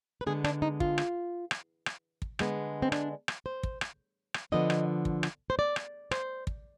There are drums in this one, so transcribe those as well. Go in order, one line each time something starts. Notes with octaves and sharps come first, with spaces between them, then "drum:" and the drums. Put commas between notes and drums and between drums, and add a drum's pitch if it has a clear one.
B4
D3 G#3 B3 G#4
D4, drum: rim click
D#4
F4, drum: kick
drum: rim click
drum: rim click
drum: rim click
drum: kick
D3 G#3 B3, drum: rim click
C4
D4, drum: rim click
drum: rim click
C5
drum: kick
drum: rim click
drum: rim click
D3 F3 B3 D#5
drum: rim click
drum: kick
drum: rim click
C5
D5
drum: rim click
C5, drum: rim click
drum: kick